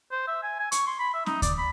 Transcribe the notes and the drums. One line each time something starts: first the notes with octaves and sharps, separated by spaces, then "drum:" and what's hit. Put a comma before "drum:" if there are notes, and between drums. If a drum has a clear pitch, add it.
C5
E5
G#5
G#5
C#6, drum: hi-hat
C6
B5
E5
D#4, drum: snare C#4
D5, drum: kick D2, hi-hat
B5